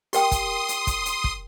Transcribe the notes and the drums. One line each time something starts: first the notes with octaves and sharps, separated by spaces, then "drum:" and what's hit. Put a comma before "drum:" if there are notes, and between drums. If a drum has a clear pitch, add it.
G4 A#4 G5 C6 D#6, drum: hi-hat
drum: kick, hi-hat
drum: hi-hat
drum: kick, hi-hat
drum: hi-hat
drum: kick